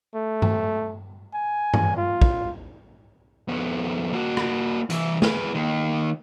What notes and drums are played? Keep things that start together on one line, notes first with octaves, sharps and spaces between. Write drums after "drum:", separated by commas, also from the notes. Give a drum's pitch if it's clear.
A3
drum: tom G2
G#5
drum: tom G2
F4
drum: kick
F2 B3
A#3 F#4
drum: rim click
C2 E3, drum: hi-hat
G#4 B4, drum: snare
D#3 A#3